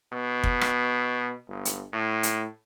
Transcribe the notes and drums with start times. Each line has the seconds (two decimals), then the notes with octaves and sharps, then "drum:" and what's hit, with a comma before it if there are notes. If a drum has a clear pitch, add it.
0.13 B2
0.43 drum: kick
0.61 drum: rim click
1.48 G1
1.65 drum: hi-hat
1.93 A2
2.23 drum: hi-hat